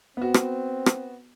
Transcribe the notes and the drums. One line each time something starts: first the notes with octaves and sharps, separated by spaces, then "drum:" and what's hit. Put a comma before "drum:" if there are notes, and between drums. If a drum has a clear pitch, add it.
B3 C4 F#4
drum: rim click
drum: rim click